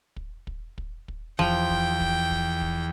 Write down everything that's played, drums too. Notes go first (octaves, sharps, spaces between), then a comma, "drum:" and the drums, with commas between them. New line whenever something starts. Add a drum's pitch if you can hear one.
drum: kick
drum: kick
drum: kick
drum: kick
E2 F3 G5, drum: kick
drum: kick
drum: kick
drum: kick
drum: kick